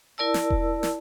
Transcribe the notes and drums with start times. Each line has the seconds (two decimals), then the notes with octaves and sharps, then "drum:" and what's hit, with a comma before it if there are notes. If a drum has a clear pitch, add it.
0.18 E4 A#4 D5 A5 E6
0.34 drum: snare
0.50 drum: kick E1
0.83 drum: snare